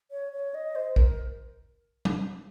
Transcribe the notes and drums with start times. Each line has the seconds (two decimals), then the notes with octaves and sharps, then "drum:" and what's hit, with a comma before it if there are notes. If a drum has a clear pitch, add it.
0.11 C#5
0.33 C#5
0.54 D#5
0.75 C5
0.96 A#4, drum: kick
2.05 drum: tom